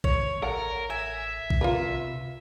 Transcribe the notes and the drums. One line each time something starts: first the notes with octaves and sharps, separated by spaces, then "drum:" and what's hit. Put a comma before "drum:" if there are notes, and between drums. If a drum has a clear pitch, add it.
C#5, drum: kick A#1
A1 A4 A#4 F#5 A#5
E5 G#5
drum: kick A#1
C3 F4 A#4 B4